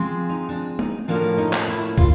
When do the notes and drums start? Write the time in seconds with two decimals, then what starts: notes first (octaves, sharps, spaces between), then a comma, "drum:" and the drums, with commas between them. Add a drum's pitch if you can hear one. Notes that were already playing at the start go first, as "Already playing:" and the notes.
Already playing: F3 G#3 C4
0.29 D#4
0.49 D4
0.79 D#4, drum: tom
1.08 A2 F3 A#3 C#4 D4
1.38 D#4
1.53 drum: clap
1.68 E4
1.98 F4, drum: kick